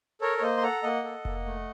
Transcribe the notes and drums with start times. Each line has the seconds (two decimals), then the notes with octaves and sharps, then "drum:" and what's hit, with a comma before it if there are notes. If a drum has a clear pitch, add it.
0.21 A4 A#4 C#5
0.38 C#5
0.42 A#3 C5 D#5
0.57 C6
0.63 A4 F#5 A#5
0.83 A#3 D#5 F#5
1.04 A4
1.25 A#3, drum: kick F1
1.46 A3